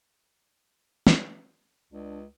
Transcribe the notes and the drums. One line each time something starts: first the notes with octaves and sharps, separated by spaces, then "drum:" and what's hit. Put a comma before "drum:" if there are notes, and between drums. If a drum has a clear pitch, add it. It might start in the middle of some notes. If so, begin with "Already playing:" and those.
drum: snare
C#2 D4